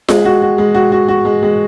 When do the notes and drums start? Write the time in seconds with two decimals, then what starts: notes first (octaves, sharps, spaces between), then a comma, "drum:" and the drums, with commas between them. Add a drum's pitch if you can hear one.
0.08 G#3, drum: snare F4
0.25 F#4
0.42 F#4
0.58 G#3
0.75 F#4
0.92 F#4
1.08 F#4
1.25 G#3
1.43 G#3